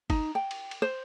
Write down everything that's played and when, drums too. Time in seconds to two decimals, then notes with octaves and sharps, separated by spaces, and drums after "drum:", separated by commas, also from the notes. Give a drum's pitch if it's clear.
0.10 D#4, drum: kick G1, cymbal
0.35 G5
0.51 drum: cymbal
0.71 drum: cymbal
0.82 C5